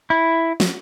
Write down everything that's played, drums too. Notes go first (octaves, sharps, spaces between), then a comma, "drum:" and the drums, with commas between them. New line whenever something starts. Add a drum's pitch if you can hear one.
E4
drum: snare